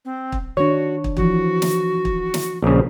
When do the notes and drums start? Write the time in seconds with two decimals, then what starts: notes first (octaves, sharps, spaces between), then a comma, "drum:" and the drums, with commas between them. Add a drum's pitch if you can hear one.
0.05 C4
0.32 drum: kick
0.57 D#3 D4 F#4 C#5
1.04 drum: kick
1.17 E3 F3 F#4, drum: kick
1.62 drum: snare
2.05 drum: kick
2.34 drum: snare
2.63 A#1 C#3